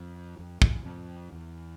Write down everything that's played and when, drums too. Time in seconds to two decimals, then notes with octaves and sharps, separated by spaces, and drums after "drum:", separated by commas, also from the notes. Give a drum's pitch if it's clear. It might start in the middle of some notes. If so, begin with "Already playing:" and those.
Already playing: F2
0.39 F2
0.62 E2, drum: kick
0.85 F2
1.32 E2